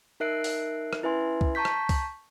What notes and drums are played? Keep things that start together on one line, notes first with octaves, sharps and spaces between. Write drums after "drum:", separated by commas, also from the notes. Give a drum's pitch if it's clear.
D#4 A#4 E5 F#6 C7 D7
drum: open hi-hat
drum: rim click
C#4 E4 B4 E5 G#5 C6
drum: kick C2
A5 A#5 C#6 G6 B6
drum: rim click
drum: kick C2, open hi-hat